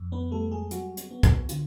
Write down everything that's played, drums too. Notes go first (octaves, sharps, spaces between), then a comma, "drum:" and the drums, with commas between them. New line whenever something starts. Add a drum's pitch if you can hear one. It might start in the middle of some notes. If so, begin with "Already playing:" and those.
Already playing: F2
B3 B4
G3 A3 A4
G#3 G#4
F#3 F#4, drum: hi-hat
drum: hi-hat
B3
drum: kick, hi-hat
D3 F4, drum: hi-hat